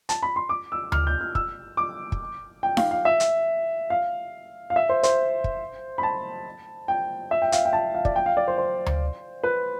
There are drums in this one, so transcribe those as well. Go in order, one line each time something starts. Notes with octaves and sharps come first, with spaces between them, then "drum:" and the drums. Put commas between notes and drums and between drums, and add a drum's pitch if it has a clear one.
A5, drum: hi-hat
B5
C6
D6
E6
F6, drum: tom D2
G6
F6
E6, drum: kick
D6
drum: kick
G5
F5, drum: snare D#4
F5
E5
drum: hi-hat
F5
F5
E5
C5
C5, drum: hi-hat
drum: kick
B5
A5
G5
E5
G5
F5, drum: hi-hat
G5
A5
F5
D5, drum: kick
G5
F5
D5
C5
C5
drum: tom D2
B4